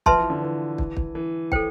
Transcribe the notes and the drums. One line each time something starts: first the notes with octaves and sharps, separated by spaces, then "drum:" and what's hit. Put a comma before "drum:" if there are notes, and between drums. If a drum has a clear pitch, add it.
F3 B4 E5 A5 C6, drum: kick
E3
D3
E3
drum: kick
drum: kick
E3
A4 C5 G5, drum: kick